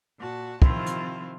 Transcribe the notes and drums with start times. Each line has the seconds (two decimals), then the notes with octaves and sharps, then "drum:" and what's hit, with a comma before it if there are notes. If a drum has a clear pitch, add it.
0.18 A#2 F#4 F#5 A5
0.62 C3 D#3 F3 C4 E4 F4, drum: kick
0.86 drum: hi-hat